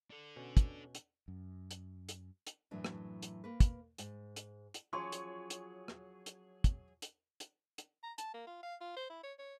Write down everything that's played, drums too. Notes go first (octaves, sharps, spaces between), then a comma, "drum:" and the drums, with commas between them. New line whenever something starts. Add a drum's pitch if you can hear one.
D4 A4
B2 C#4
drum: kick, hi-hat
drum: hi-hat
F#2
drum: hi-hat
drum: hi-hat
drum: hi-hat
F#2 A2 E3 F#3 D4
drum: rim click
drum: hi-hat
A#3 B4
drum: kick, hi-hat
G#2, drum: hi-hat
drum: hi-hat
drum: hi-hat
F3 F#3 C#4 G#4 C#5 C6 C#6
drum: hi-hat
drum: hi-hat
drum: rim click
drum: hi-hat
drum: kick, hi-hat
drum: hi-hat
drum: hi-hat
drum: hi-hat
A#5
A5, drum: hi-hat
A#3
F4
F5
F4
C5
E4
C#5
C#5